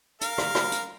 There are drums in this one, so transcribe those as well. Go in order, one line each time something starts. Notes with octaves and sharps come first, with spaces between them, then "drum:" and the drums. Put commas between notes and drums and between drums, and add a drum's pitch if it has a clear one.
A#4 F5, drum: hi-hat
drum: rim click
drum: rim click
drum: hi-hat